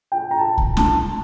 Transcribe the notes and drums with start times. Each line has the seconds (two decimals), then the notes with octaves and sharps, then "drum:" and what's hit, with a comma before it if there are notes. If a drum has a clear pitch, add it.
0.12 G5
0.31 A#5
0.38 A5
0.58 drum: kick C2
0.77 A5, drum: snare